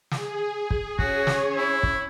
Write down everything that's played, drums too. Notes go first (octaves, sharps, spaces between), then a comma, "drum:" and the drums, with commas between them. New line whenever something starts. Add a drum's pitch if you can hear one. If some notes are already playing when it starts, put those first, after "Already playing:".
G#4, drum: snare
drum: kick
C#4 F#4 C#5, drum: kick
drum: snare
E4
drum: kick